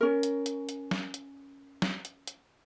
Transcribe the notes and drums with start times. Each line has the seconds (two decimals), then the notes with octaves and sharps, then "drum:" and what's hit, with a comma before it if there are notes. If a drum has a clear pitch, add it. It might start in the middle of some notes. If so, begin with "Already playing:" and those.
0.01 C#4 A#4
0.23 drum: hi-hat
0.46 drum: hi-hat
0.69 drum: hi-hat
0.91 drum: snare
1.14 drum: hi-hat
1.82 drum: snare
2.05 drum: hi-hat
2.27 drum: hi-hat